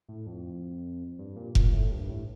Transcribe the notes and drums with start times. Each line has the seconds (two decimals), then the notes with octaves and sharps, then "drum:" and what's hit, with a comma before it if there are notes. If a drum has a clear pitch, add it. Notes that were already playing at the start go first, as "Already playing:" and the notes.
0.09 A2
0.27 F2
1.19 G2
1.36 A#2
1.55 A#2, drum: kick F1
1.73 A2
1.91 G2
2.10 A2